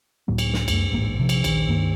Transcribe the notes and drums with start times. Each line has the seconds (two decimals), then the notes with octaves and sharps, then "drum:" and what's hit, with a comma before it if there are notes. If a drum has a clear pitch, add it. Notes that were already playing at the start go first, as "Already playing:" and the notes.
0.28 C#2 A2 F#3 A#3
0.38 drum: cymbal
0.54 drum: snare
0.68 C#2 F#2 A3, drum: cymbal
0.91 D1 A1 G#2 A#3
1.18 A#1 C3 F3
1.29 drum: cymbal
1.44 D#1 A#1 D#3, drum: cymbal
1.67 C#2 G2 D#3 A#3